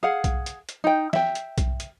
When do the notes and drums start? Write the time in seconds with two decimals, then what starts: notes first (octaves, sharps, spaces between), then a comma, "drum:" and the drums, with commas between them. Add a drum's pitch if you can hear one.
0.03 G#4 F5 F#5
0.24 drum: kick B1, hi-hat
0.46 drum: hi-hat
0.69 drum: hi-hat
0.84 D#4 G5
1.13 E5 G5, drum: snare
1.35 drum: hi-hat
1.58 drum: kick B1, hi-hat
1.80 drum: hi-hat